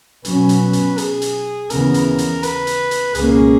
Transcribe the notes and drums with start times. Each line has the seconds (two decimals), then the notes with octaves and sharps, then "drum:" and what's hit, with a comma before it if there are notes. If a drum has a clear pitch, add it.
0.25 B2 F#3 C#4 B4, drum: hi-hat
0.49 drum: hi-hat
0.73 drum: hi-hat
0.98 G#4, drum: hi-hat
1.22 drum: hi-hat
1.70 D#2 C#3 E3 B3 A#4, drum: hi-hat
1.94 drum: hi-hat
2.18 drum: hi-hat
2.43 B4, drum: hi-hat
2.67 drum: hi-hat
2.91 drum: hi-hat
3.15 C#2 B2 A#3 C#4 G#4, drum: hi-hat